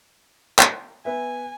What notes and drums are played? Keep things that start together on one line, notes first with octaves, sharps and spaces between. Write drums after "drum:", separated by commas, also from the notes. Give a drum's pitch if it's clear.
drum: clap
B3 B4 E5 G#5